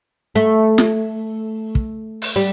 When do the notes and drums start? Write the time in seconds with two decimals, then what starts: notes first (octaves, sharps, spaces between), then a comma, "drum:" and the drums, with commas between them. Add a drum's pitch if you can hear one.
0.35 A3
0.78 drum: snare
1.75 drum: kick
2.22 drum: open hi-hat
2.36 G3